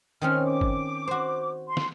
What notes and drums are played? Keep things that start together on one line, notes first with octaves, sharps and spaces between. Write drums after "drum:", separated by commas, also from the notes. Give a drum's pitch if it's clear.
D#3 C4 C#4 F6
D6
drum: kick G1
F#4 C5
C6
drum: snare